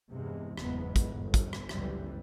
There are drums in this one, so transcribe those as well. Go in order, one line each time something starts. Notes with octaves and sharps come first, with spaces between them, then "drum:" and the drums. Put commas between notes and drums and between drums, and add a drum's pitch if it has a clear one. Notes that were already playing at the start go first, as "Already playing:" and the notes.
E2 G2 C3 G#3
F#1 E2 G#2 G#3 B3, drum: rim click
drum: kick, hi-hat
G1
drum: kick, hi-hat
drum: rim click
G1 C#2 F#2 E3 G3, drum: rim click